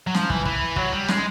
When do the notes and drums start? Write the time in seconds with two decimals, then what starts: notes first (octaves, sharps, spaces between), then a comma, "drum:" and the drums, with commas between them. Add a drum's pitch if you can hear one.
0.07 F#3
0.15 F3, drum: snare
0.30 E3, drum: kick
0.45 E3, drum: kick
0.76 F#3, drum: kick
0.93 G3
1.09 G#3, drum: snare